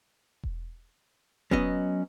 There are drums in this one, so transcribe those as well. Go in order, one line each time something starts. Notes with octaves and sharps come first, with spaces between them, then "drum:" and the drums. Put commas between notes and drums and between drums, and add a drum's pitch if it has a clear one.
drum: kick E1
F#3 B3 C#4 D#5, drum: kick E1